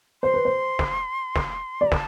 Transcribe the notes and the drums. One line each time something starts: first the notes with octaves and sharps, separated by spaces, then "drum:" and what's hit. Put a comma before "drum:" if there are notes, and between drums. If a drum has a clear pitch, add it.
C5 C6
B4
C5
drum: snare
drum: snare
D5
A5, drum: snare